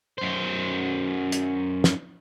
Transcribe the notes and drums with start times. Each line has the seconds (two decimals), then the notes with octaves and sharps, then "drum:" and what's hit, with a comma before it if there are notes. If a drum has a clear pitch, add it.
0.18 F#2 C5
1.32 drum: hi-hat
1.84 drum: snare